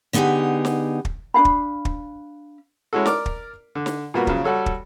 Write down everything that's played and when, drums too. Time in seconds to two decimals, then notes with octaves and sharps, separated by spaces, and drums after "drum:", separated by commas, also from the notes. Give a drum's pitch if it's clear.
0.13 D3 B3 D#4 E4 G4 G#4
0.65 drum: snare
1.05 drum: kick
1.34 D4 F4 F5 B5
1.45 drum: kick
1.85 drum: kick
2.93 G#3 C#4 E4 F#4 A4
3.06 A#4 D5 D6 F6, drum: snare
3.26 drum: kick
3.75 D3
3.86 drum: snare
4.14 A#2 G3 A#3 B3 F#4
4.27 C#3 F3 F#3, drum: kick
4.44 G3 F#4 A4 C#5
4.66 drum: kick